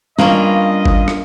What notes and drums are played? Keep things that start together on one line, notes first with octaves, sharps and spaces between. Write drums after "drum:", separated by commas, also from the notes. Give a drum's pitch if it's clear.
G2 A#3 B3 C#4 D4 F4 D#5
drum: kick G#1
drum: rim click